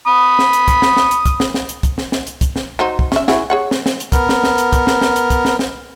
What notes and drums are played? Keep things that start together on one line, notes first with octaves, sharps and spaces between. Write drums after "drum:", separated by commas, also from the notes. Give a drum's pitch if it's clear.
B5 D#6
drum: snare
drum: hi-hat
drum: kick, hi-hat
drum: snare
drum: snare
drum: hi-hat
drum: kick, hi-hat
drum: snare
drum: snare
drum: hi-hat
drum: kick, hi-hat
drum: snare
drum: snare
drum: hi-hat
drum: kick, hi-hat
drum: snare
F#3 D#4 C5
drum: kick
C#4 E5, drum: snare
E4 F#4 G#4, drum: snare
G#4 C#5 F#5
drum: snare
drum: snare
drum: hi-hat
B3 A#4, drum: kick, hi-hat
drum: snare
drum: snare
drum: hi-hat
drum: kick, hi-hat
drum: snare
drum: snare
drum: hi-hat
drum: kick, hi-hat
drum: snare
drum: snare